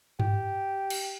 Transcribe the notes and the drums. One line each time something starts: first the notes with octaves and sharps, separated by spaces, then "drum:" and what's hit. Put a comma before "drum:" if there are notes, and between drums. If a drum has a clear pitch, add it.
G4, drum: tom G2
drum: cymbal